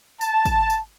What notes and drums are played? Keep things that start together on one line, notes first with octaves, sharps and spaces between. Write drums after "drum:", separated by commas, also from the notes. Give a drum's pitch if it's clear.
A5, drum: tambourine
drum: kick G#1, tambourine
drum: tambourine